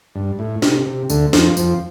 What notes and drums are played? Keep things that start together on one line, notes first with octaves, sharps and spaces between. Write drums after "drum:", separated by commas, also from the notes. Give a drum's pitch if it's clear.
G2
A2
C3, drum: snare
C3
D2 D3, drum: tambourine
F2 F3, drum: snare
F2 F3, drum: tambourine